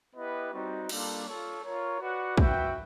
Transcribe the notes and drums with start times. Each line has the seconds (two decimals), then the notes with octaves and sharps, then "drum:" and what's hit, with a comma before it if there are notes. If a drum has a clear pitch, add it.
0.16 B3 E4 G4 B4 D#5
0.52 G3 C4 D#4 F#4
0.89 G3 A#3 D4 F4 A4, drum: cymbal
1.26 F4 A4 C#5
1.64 F4 A#4 C#5
2.00 F#4 B4 D5 F#5
2.37 F#4 B4 E5 G5, drum: kick